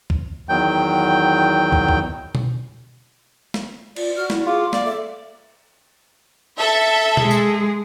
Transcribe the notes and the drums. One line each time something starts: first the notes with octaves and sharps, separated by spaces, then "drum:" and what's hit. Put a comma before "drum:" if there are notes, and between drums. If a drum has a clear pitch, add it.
drum: kick
E2 D#3 F#3 G5 G6
drum: kick
drum: kick
drum: tom B2
drum: snare
F4 D5, drum: cymbal
F#4 F6
E4, drum: snare
F4 G#4 D6
A#3 D5 F5, drum: snare
A4 E5
A4 E5
G#3 G#4, drum: tom B2
drum: tambourine